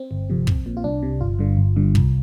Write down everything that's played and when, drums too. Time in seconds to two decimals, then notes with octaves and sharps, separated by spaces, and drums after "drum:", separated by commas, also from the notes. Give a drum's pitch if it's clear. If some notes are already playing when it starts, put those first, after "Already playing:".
Already playing: C4
0.11 G1
0.30 F2 C3
0.47 A#1, drum: kick
0.66 A#2
0.77 F4
0.84 C2 D4
1.03 C3
1.21 G1 F4
1.39 G2 D3
1.57 G1
1.76 G2 D3
1.95 C2, drum: kick